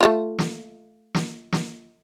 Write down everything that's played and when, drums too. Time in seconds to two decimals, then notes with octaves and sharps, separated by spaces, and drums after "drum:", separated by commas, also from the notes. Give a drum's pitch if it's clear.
0.01 A3 E4 F4
0.39 drum: snare
1.14 drum: snare
1.52 drum: snare